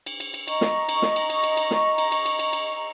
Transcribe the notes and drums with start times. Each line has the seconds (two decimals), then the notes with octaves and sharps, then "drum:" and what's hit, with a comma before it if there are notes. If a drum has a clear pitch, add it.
0.06 drum: cymbal
0.20 drum: cymbal
0.34 drum: cymbal
0.48 D#5 A#5 C#6, drum: cymbal
0.61 drum: snare
0.89 drum: cymbal
1.02 drum: snare
1.16 drum: cymbal
1.30 drum: cymbal
1.43 drum: cymbal
1.57 drum: cymbal
1.71 drum: snare
1.98 drum: cymbal
2.12 drum: cymbal
2.26 drum: cymbal
2.39 drum: cymbal
2.53 drum: cymbal